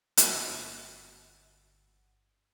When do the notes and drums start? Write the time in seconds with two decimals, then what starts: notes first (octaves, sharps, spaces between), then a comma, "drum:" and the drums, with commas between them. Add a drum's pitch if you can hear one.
0.17 G1 F#5 A6, drum: hi-hat